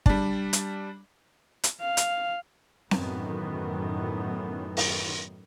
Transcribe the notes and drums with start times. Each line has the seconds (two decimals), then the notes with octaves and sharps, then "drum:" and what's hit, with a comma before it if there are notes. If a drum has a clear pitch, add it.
0.06 G3 D4, drum: kick
0.53 drum: hi-hat
1.64 drum: hi-hat
1.80 F5
1.97 drum: hi-hat
2.91 F#2 A2 D#3 E3 B3, drum: snare C4
4.77 drum: open hi-hat